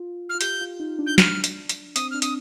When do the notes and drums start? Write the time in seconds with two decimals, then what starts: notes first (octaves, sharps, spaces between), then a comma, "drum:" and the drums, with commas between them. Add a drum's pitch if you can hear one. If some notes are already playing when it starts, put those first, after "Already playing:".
Already playing: F4
0.29 F6
0.34 F4
0.41 G4 G6, drum: hi-hat
0.61 F4
0.80 D#4
0.99 D4
1.06 G6
1.18 F6, drum: snare
1.44 drum: hi-hat
1.69 drum: hi-hat
1.96 C4 D#6, drum: hi-hat
2.11 D4 F6
2.22 D#6, drum: hi-hat